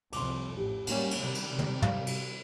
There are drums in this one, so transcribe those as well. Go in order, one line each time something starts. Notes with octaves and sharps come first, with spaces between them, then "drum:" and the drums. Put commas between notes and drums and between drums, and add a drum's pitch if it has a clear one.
C2 F2 C6 D6, drum: cymbal
A1 G4
G3 A#3 C#4, drum: cymbal
drum: cymbal
C3 D#3 G3
drum: cymbal
drum: tom
F5, drum: tom
drum: cymbal